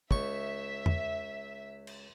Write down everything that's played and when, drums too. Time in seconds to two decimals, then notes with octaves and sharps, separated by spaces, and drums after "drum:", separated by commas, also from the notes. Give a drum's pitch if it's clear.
0.11 C#2 E5 C#6, drum: kick
0.86 drum: tom E2
1.87 drum: cymbal